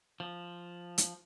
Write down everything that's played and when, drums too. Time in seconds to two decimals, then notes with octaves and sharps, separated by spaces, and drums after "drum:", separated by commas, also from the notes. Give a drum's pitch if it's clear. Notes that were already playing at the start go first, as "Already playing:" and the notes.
0.20 F3
0.98 drum: hi-hat